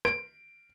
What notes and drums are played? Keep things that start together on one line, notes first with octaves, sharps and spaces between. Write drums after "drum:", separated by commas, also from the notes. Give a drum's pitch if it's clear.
D7, drum: rim click